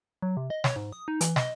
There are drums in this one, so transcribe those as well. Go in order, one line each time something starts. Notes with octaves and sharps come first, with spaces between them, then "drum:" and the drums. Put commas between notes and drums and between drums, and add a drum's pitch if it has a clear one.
F#3
C3
D#5
C#5, drum: snare
G#2
D#6
D#4
E3, drum: hi-hat
D#5, drum: snare